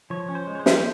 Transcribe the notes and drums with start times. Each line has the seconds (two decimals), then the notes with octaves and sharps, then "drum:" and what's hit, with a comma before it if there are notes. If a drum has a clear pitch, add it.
0.10 F3 C#5
0.29 C#4
0.35 C5
0.47 G#3
0.55 C#5
0.59 C5
0.66 F3, drum: snare